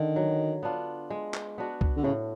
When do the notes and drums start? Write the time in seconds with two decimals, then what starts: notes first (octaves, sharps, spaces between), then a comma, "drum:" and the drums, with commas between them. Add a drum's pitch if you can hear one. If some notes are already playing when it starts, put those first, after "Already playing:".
Already playing: D3 D#3
0.16 F#3
0.63 B3 D4 F4
1.10 G#3
1.34 drum: clap
1.58 B3 D4 F#4
1.81 drum: kick C2
1.97 D3
2.04 A2 C#3